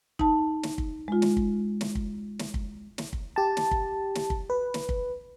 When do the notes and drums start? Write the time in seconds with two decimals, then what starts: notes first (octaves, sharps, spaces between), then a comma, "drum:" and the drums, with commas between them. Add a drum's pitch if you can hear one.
0.19 D#4 A5, drum: kick
0.63 drum: snare
0.78 drum: kick
1.08 G#3 F4
1.22 drum: snare
1.37 drum: kick
1.81 drum: snare
1.95 drum: kick
2.39 drum: snare
2.54 drum: kick
2.98 drum: snare
3.13 drum: kick
3.36 G4 A5
3.57 drum: snare
3.71 drum: kick
4.15 drum: snare
4.30 drum: kick
4.50 B4
4.74 drum: snare
4.89 drum: kick